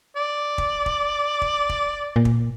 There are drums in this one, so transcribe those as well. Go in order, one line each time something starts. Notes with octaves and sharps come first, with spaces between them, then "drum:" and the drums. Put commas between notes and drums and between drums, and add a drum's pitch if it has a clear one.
D5
drum: kick
drum: kick
drum: kick
drum: kick
A#2
drum: kick